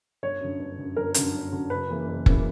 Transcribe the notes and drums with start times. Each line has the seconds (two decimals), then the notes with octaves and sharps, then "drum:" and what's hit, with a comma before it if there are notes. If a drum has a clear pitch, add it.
0.23 G1 C#5
0.40 F#2 D3
0.59 G1
0.78 F#2 D3
0.96 G1 A#4
1.14 F#2 D3, drum: hi-hat
1.34 G1
1.52 F#2 D3
1.70 F#1 B4
1.89 F#2 C#3 E3 A#3
2.08 F#1
2.26 F#2 C#3 E3 A#3, drum: kick F#1